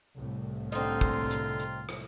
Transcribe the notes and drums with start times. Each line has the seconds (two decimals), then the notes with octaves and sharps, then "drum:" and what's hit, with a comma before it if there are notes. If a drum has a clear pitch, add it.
0.16 C2 A2
0.72 D3 C4 D#4 F4, drum: hi-hat
1.01 drum: kick
1.30 drum: hi-hat
1.60 drum: hi-hat
1.89 drum: rim click